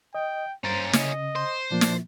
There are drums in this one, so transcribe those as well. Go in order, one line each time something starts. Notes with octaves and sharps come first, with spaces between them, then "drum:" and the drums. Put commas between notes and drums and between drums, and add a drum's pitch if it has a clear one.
D#5 G5
G2 A#3 C#4 C5 A#5 A6
C#3 D#5, drum: snare
C5
A#2 F3 A#3 D4
drum: snare